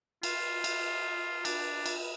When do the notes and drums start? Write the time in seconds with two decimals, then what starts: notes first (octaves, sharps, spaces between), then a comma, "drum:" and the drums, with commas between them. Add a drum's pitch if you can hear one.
0.23 F4, drum: cymbal
0.64 drum: cymbal
1.45 D4, drum: cymbal
1.86 drum: cymbal